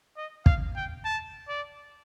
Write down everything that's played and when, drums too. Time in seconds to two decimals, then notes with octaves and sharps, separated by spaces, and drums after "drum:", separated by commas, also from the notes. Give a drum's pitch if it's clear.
0.17 D#5
0.46 F5, drum: kick
0.76 G5
1.05 A5
1.48 D5